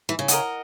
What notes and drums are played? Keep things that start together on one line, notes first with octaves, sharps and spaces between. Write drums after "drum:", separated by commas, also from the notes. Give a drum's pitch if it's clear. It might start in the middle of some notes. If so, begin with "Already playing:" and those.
E3
C#3
A#4 D#5 F#5, drum: hi-hat